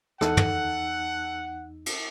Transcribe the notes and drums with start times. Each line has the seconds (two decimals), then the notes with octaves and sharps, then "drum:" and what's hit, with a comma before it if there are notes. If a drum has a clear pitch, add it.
0.21 E2 D#4 A4 F#5, drum: rim click
0.37 drum: tom
1.86 drum: cymbal